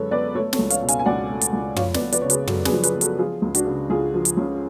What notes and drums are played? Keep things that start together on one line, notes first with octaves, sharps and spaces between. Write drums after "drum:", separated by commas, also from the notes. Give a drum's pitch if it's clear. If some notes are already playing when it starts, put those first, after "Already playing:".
Already playing: F#2 D3 G#3 A4 B4 C#5
B3 B4 D5
A3 A4 C#5
A4 C#5, drum: snare
C#2
C#5 F5, drum: hi-hat
B2
F5 G#5, drum: hi-hat
G#5
C#2 D5 F#5
A3
drum: hi-hat
C#2
F3 C#5 F5, drum: tom
B4 D5, drum: snare
B3
B4 D5, drum: hi-hat
C#3 C#5
G#4 B4, drum: hi-hat
F#2 F#4 A4, drum: tom
G#4 B4, drum: snare
F3
G#4 B4, drum: hi-hat
B3
F#4 A4, drum: hi-hat
F3 F4 G#4
C#2
D4 F#4, drum: hi-hat
C#3
C#2 F4 G#4
F3
drum: hi-hat
C#2 C#4 F4